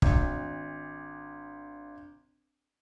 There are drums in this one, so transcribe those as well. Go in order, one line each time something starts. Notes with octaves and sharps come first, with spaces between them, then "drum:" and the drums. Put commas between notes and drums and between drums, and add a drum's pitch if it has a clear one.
G#1 D4, drum: kick